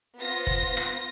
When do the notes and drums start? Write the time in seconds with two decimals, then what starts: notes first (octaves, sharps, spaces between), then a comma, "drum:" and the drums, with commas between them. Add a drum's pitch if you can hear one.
0.17 B3 F4 C5 A#6
0.47 drum: kick
0.77 drum: rim click